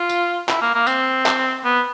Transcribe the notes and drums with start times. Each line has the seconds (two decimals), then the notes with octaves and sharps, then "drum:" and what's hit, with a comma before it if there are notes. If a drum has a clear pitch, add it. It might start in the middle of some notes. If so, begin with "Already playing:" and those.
Already playing: F4
0.09 drum: tambourine
0.49 E4, drum: clap
0.62 A#3
0.74 A#3
0.87 C4, drum: tambourine
1.26 drum: clap
1.65 B3